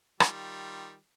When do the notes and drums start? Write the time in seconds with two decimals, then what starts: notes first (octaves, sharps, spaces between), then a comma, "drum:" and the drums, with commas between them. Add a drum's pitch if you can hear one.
0.20 D#3 G3 F4, drum: rim click